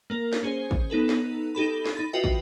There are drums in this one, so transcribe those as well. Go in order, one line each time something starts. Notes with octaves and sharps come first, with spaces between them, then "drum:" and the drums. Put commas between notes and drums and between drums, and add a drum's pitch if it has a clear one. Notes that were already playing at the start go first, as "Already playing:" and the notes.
A#3 A#4
drum: snare
C#4 G#4 C5
drum: kick
B3 D#4 A4 B4
drum: snare
D#4 G4 A4 B5
drum: snare
D#4 B5 A6
F4 F#4 B4 D#5 E5 G5
drum: kick